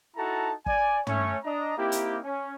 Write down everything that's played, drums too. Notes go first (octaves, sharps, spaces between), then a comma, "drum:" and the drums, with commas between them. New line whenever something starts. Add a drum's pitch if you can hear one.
D#4 E4 F#4 A4 A5 A#5
D5 G#5, drum: kick
A3 C#4 C#5, drum: tom
D4 D#5 A#5
A#3 C4 D#4 E4 G4
drum: hi-hat
C#4